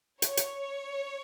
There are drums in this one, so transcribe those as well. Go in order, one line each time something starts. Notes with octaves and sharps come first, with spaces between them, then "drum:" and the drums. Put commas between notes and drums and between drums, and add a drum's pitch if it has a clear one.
C#5, drum: hi-hat
drum: hi-hat